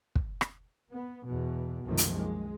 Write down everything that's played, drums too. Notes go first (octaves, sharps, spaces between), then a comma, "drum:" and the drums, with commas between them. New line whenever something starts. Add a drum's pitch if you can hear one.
drum: kick
drum: rim click
B3
E2 B2
C2 F#2 D#3 F3 A3 A#3
drum: hi-hat
G#3